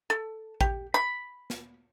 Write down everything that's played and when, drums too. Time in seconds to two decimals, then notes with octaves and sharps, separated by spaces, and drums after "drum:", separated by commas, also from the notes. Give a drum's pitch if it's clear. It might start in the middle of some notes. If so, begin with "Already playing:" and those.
0.10 A4
0.61 G4, drum: kick A1
0.94 B5
1.50 drum: snare